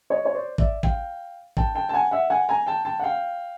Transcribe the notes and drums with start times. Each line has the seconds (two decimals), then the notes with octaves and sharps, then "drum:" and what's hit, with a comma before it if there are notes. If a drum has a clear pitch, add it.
0.10 C#5 D#5
0.25 C#5
0.34 C5 D5
0.58 D5 E5, drum: kick
0.83 F5 G5, drum: kick
1.57 G5 A5, drum: kick
1.75 G5 A5
1.89 A5
1.93 F#5 G#5
2.11 E5 F#5
2.30 F#5 G#5
2.49 G#5 A#5
2.66 G5 A5
2.85 G5 A5
3.00 F#5
3.03 F5 G5